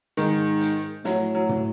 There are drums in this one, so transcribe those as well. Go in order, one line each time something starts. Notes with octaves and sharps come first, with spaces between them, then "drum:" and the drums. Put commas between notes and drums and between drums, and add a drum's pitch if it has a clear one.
G#2 D#3, drum: hi-hat
drum: hi-hat
A2 F#3, drum: snare
F#3
drum: tom